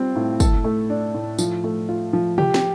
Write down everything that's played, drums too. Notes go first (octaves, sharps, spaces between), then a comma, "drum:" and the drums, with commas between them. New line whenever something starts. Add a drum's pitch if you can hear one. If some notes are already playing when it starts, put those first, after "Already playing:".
Already playing: G3 C4 F4
A2
A4, drum: kick, tambourine
A3
D4
A2
F3, drum: tambourine
A3
F4
F3
G4, drum: tom C3
drum: snare